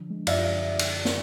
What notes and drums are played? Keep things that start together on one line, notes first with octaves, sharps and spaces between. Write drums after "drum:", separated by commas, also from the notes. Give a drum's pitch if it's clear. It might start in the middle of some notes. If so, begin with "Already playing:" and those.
Already playing: D3 F3 D4
G#3
F#2 D5 E5, drum: cymbal
D3
drum: cymbal
drum: snare